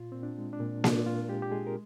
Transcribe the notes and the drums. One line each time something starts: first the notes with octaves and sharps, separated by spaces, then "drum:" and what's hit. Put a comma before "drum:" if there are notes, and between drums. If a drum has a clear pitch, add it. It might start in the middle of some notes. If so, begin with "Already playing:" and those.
Already playing: A#2 F4
A#2 C4
D4
G#3
D4
A#2
A#2 D4, drum: snare A#3
A#2 F4
G#3 G4
G4
G#3 G#4
A#4